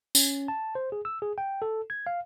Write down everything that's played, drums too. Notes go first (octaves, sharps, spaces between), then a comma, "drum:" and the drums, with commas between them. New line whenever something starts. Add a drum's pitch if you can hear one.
C#4, drum: tambourine
A5
C5
G#4
E6
G#4
G5
A4
G#6
F5